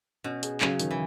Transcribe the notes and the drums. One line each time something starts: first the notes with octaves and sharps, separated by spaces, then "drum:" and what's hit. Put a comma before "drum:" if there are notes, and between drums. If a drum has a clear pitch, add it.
B2 C#4
G#4, drum: hi-hat
C#3 F#3, drum: clap
D#3, drum: hi-hat
E3